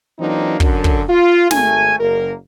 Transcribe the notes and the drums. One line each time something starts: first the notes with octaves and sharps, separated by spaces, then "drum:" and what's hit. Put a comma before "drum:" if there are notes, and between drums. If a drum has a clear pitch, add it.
E3 F#3 A#3 C4 D4 D#4
F#2 D3, drum: kick
drum: kick
F4
G#1 A3 G#5, drum: snare
F#1 A#3 A#4